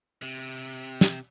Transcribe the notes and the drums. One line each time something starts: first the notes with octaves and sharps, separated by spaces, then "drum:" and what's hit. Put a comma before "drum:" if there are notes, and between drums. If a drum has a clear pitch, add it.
C3
drum: snare